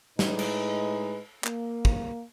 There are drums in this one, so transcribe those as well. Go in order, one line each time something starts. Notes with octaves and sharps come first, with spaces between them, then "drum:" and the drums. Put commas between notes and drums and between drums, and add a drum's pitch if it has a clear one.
A2 G#3 D#4 B4, drum: snare
drum: cymbal
A#3, drum: clap
drum: kick